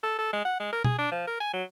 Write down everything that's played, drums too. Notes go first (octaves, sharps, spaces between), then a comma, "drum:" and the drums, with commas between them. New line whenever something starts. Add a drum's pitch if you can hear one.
A4
A4
G#3
F#5
G#3
A#4
G#4, drum: tom B2
D4
F3
A#4
G#5
F#3